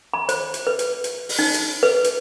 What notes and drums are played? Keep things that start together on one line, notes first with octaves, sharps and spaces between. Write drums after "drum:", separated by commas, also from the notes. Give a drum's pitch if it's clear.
B5
C5, drum: hi-hat
drum: hi-hat
B4
drum: hi-hat
drum: hi-hat
drum: open hi-hat
D#4
drum: hi-hat
B4
drum: hi-hat